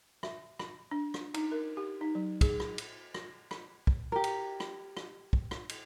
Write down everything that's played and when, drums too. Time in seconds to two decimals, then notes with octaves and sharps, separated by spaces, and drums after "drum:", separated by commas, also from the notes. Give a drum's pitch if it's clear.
0.23 E5, drum: rim click
0.59 drum: rim click
0.91 D4
1.14 drum: rim click
1.34 D#4, drum: cymbal
1.52 A#4
1.77 G4
2.01 D#4
2.15 F#3
2.41 G#4, drum: kick, cymbal
2.60 drum: rim click
2.78 drum: cymbal
3.14 drum: rim click
3.51 drum: rim click
3.87 drum: kick
4.12 G4 A#4
4.24 drum: cymbal
4.60 drum: rim click
4.97 drum: rim click
5.33 drum: kick
5.51 drum: rim click
5.69 drum: cymbal